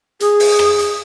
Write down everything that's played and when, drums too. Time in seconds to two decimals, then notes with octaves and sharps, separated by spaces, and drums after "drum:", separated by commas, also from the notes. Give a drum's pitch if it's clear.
0.20 G#4, drum: hi-hat
0.40 drum: open hi-hat
0.59 drum: rim click
0.78 drum: hi-hat